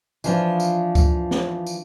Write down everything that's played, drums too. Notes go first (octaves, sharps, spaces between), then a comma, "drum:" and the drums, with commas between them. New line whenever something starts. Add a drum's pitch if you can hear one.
E3 F3 D4 F4, drum: tambourine
drum: tambourine
drum: kick C#2, tambourine
drum: snare
drum: tambourine